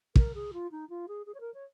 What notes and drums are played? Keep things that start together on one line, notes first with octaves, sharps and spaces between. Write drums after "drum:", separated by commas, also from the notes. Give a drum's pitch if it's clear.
A#4, drum: kick
G#4
F4
D#4
F4
G#4
G#4
C#5
A#4
C#5